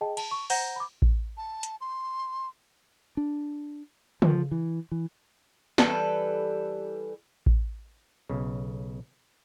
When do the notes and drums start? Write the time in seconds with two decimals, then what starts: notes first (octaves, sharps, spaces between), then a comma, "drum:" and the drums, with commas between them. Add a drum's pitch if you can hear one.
0.01 G#4 D#5 G5 A5
0.17 A5, drum: cymbal
0.31 C#6
0.50 C5 F#5 A#5 G6 A#6, drum: open hi-hat
0.76 B5 D6
1.02 drum: kick A1
1.37 A5
1.63 drum: hi-hat
1.81 C6
3.17 D4
4.22 F3, drum: tom
4.51 E3
4.92 E3
5.78 E3 G3 A4 B4, drum: snare
7.46 drum: kick A1
8.29 B1 C#3